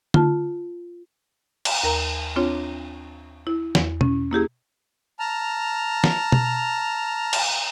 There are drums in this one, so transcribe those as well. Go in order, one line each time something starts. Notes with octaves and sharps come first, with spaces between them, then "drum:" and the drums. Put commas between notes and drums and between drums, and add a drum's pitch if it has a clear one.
F4 A5, drum: tom D3
drum: cymbal
D#2 A#4 A#5
C4 D4 F4 C#5
E4
E2, drum: snare
C#4, drum: tom B2
A#3 E4 G4 G#4
A5 A#5 F6
drum: snare
drum: tom B2
drum: cymbal